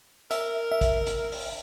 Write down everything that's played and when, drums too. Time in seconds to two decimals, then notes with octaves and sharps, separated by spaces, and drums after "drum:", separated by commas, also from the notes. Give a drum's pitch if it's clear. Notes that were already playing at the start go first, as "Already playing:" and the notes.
0.31 A#4 E5, drum: hi-hat
0.72 E5
0.81 drum: kick, hi-hat
1.07 drum: hi-hat
1.32 drum: open hi-hat